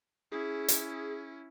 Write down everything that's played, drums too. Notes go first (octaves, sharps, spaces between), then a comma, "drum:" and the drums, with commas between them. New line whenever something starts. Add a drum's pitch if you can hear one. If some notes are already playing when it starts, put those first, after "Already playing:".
C#4 E4 G#4
drum: hi-hat